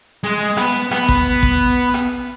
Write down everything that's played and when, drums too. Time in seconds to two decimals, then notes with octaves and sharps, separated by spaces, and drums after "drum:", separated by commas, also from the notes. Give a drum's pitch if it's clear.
0.24 G#3
0.57 B3, drum: rim click
0.91 B3, drum: rim click
1.08 drum: kick A1
1.43 drum: kick A1
1.94 drum: rim click